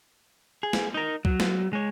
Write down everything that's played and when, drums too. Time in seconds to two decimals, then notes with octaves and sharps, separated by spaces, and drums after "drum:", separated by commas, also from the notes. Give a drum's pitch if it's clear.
0.63 G#4
0.73 drum: snare
0.94 D#4 A#4
1.25 F#3, drum: kick
1.40 drum: snare
1.73 G#3 C#5